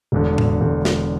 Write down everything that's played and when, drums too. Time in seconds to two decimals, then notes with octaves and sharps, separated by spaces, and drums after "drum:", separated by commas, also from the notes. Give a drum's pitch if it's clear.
0.12 E1 E2 D3
0.38 drum: tom A2
0.61 E1 E2 D3
0.85 drum: snare